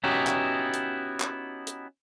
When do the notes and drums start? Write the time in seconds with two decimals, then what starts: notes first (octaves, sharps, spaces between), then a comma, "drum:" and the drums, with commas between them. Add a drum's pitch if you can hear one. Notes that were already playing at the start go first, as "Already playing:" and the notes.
0.04 B3 C#4 D#4 E4 F#4 G4
0.27 drum: clap
0.74 drum: hi-hat
1.20 drum: clap
1.67 drum: hi-hat